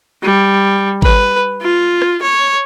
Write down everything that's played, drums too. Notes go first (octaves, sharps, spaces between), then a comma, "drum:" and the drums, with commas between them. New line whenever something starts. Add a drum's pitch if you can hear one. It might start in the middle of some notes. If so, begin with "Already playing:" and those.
G3
B4, drum: kick G#1
F4
drum: rim click
C#5